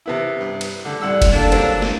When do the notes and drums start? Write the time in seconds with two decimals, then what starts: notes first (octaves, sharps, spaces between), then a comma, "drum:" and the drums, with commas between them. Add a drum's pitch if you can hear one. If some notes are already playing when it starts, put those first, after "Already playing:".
0.06 C3 B3 E4
0.39 G2
0.61 drum: cymbal
0.85 D3 A3
1.01 C2 A2 G3 F#5 E6
1.22 drum: kick, cymbal
1.32 D3 A#3 D4 A4
1.52 F#3 G3 C4, drum: cymbal
1.82 drum: snare